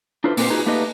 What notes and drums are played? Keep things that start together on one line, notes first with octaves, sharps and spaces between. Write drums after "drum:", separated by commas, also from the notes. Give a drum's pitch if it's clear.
D4 E4 F4 A4 B4 C5
A#2 A#3 C4 D#4 B4 C5, drum: open hi-hat
D#4 F4 F#4 G#4 B4
A3 A#3 D#4 G4 B4 D#5